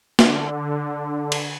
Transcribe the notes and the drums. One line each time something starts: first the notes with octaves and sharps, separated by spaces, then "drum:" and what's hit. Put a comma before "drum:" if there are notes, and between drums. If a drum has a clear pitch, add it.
D3, drum: snare
drum: cymbal